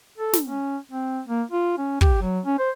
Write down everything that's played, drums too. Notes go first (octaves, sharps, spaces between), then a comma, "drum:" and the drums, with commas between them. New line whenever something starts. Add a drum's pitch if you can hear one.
A4
drum: snare
C#4
C4
A#3
F4
C#4
G4, drum: kick
F#3
C#4
C5